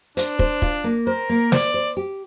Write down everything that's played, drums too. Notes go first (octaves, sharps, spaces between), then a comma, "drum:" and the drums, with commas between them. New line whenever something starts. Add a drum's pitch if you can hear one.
D4 C5, drum: hi-hat
C5, drum: kick
F4, drum: kick
A#3
A#4 C5
A#3
C5 D5, drum: snare
C5
G4